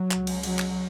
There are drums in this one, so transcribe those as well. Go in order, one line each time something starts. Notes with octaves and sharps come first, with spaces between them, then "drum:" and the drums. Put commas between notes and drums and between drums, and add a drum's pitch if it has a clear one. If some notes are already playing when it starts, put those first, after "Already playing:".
Already playing: F#3
C#2 C#3, drum: clap
drum: cymbal
F#3, drum: cymbal
drum: clap